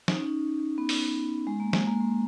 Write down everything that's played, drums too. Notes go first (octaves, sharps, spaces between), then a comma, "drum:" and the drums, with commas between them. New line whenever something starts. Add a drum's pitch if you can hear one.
D#4, drum: snare
C#4
D#4
B3
drum: open hi-hat
G#3
A#3
G#3, drum: snare
A#3
G#3